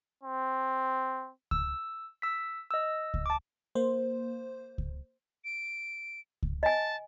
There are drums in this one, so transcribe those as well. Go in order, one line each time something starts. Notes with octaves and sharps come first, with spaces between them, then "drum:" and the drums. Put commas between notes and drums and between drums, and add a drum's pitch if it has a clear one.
C4
E6, drum: kick C#2
E6 B6
D#5 E6
drum: kick C#2
A5 D6
A#3 C5
drum: kick C#2
D7
drum: kick C#2
D#5 G#5 A5